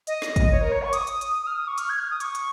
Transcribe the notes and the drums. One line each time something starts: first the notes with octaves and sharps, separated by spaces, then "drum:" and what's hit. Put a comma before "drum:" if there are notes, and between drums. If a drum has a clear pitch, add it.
D#5, drum: hi-hat
drum: snare
drum: kick, hi-hat
C#5
A#4
C#5
C#6
D#6, drum: hi-hat
drum: hi-hat
drum: hi-hat
D#6
F6
D#6
C#6
F6, drum: hi-hat
G#6
F6
D#6
C#6, drum: hi-hat
drum: hi-hat